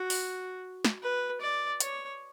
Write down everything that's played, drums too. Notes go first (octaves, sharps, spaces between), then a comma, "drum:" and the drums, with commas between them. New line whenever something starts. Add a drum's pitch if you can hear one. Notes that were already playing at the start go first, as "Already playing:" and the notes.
Already playing: F#4
drum: open hi-hat
drum: snare
B4
D5
C#5, drum: hi-hat